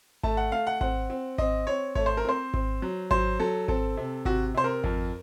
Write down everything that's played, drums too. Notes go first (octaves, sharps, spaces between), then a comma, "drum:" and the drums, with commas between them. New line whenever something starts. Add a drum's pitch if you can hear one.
A3 A5, drum: kick G#1
F#5
A3 F5
F#5
C4 F#5, drum: kick G#1
C4
C4 D#5, drum: kick G#1
C4 C#5
A3 C#5, drum: kick G#1
C5
A#4
C4 C5
C4, drum: kick G#1
F#3
F#3 C5, drum: kick G#1
F#3 A4
C4 A4, drum: kick G#1
C3
C3 F#4, drum: kick G#1
C3 C5
A#4
F2, drum: kick G#1